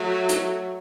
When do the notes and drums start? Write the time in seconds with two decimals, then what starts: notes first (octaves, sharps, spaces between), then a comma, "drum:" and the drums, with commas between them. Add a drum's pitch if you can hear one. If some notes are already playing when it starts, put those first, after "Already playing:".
Already playing: F#3 A3
0.29 drum: hi-hat